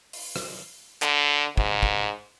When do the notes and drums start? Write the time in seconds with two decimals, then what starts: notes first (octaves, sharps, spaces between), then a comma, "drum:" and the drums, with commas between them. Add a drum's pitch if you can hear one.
0.13 drum: open hi-hat
0.36 drum: rim click
1.02 D3, drum: clap
1.57 G#2, drum: kick
1.83 drum: kick